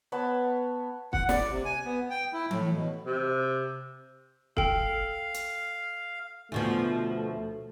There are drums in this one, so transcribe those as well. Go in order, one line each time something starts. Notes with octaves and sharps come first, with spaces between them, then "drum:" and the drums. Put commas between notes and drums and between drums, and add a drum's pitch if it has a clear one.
B3 C#5 A5 B5
F#5, drum: kick
D5, drum: snare
C3
G#5
B3
G5
E4
A2, drum: tom E3
B2
C3
A4 F5 G5, drum: kick
drum: hi-hat
D2 B2 F3 A3